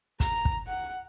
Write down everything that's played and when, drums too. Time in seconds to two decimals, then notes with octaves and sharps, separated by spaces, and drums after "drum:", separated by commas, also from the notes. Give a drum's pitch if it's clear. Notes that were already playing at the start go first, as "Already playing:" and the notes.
0.20 A#5, drum: kick, hi-hat
0.45 drum: kick
0.67 F#5